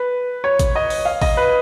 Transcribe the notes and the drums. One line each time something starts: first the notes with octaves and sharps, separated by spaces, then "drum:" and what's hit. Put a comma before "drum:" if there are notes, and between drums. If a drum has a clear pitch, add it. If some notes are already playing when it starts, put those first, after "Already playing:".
Already playing: B4
C#5
drum: kick, hi-hat
D#5
drum: open hi-hat
F5
D#5, drum: kick, open hi-hat
B4